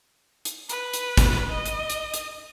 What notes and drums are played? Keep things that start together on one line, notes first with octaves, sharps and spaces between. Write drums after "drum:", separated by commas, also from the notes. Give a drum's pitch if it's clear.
drum: hi-hat
B4, drum: hi-hat
drum: hi-hat
drum: kick, hi-hat
D#5
drum: hi-hat
drum: hi-hat
drum: hi-hat